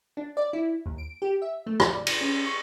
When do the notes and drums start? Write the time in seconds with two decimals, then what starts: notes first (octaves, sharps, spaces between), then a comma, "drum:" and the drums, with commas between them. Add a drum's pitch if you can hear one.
0.17 D4
0.37 D5
0.53 E4
0.86 D#2
0.98 D7
1.22 G4
1.42 E5
1.67 A3
1.80 D5, drum: rim click
2.07 drum: cymbal
2.21 C#4
2.46 C#6